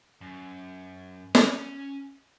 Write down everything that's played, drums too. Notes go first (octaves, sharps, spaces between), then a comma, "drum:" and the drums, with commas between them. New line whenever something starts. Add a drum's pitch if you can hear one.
F#2
C#4, drum: snare